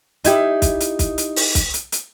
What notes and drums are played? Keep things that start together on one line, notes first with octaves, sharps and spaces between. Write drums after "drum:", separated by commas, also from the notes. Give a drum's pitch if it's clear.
D#4 E4 G4, drum: hi-hat
drum: kick, hi-hat
drum: hi-hat
drum: kick, hi-hat
drum: hi-hat
drum: open hi-hat
drum: kick, hi-hat
drum: hi-hat
drum: hi-hat